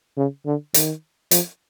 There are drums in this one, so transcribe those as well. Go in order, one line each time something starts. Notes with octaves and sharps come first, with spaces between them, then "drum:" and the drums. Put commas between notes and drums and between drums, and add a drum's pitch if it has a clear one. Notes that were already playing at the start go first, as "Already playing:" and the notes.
C#3
D3
D#3, drum: hi-hat
F3, drum: hi-hat